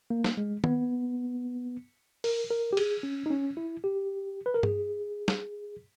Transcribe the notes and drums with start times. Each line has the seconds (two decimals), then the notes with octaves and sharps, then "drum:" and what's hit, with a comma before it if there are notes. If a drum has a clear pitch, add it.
0.10 A#3
0.24 drum: snare
0.37 G#3
0.64 B3, drum: tom
2.24 A#4, drum: open hi-hat
2.51 A#4
2.73 G4
2.77 G#4, drum: cymbal
3.03 C#4
3.26 D#4
3.30 C#4
3.57 E4
3.84 G4
4.46 B4
4.54 A#4
4.63 G#4, drum: tom G2
5.28 drum: snare